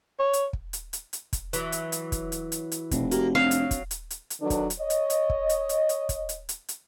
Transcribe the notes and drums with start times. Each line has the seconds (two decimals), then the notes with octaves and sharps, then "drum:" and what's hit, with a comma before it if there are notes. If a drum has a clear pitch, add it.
0.19 C#5
0.33 drum: hi-hat
0.53 drum: kick
0.73 drum: hi-hat
0.93 drum: hi-hat
1.13 drum: hi-hat
1.33 drum: kick, hi-hat
1.53 E3 F#3, drum: hi-hat
1.72 drum: hi-hat
1.92 drum: hi-hat
2.12 drum: kick, hi-hat
2.32 drum: hi-hat
2.52 drum: hi-hat
2.72 drum: hi-hat
2.91 F1 B2, drum: kick, hi-hat
3.11 A#3 F#4 G4, drum: hi-hat
3.35 F#3 C4 D4 F5
3.51 drum: hi-hat
3.71 drum: kick, hi-hat
3.91 drum: hi-hat
4.10 drum: hi-hat
4.30 drum: hi-hat
4.41 D#3 F#3 D4 A4 B4
4.50 drum: kick, hi-hat
4.70 drum: hi-hat
4.80 C#5 D#5
4.90 drum: hi-hat
5.10 drum: hi-hat
5.30 drum: kick
5.49 drum: hi-hat
5.69 drum: hi-hat
5.89 drum: hi-hat
6.09 drum: kick, hi-hat
6.29 drum: hi-hat
6.49 drum: hi-hat
6.69 drum: hi-hat